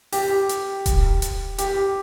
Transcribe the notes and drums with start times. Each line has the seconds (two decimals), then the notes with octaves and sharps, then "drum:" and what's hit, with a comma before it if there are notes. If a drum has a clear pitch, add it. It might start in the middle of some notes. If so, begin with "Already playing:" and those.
0.12 G4, drum: open hi-hat
0.49 drum: hi-hat
0.86 drum: kick D#1, hi-hat
1.22 drum: hi-hat
1.58 G4, drum: hi-hat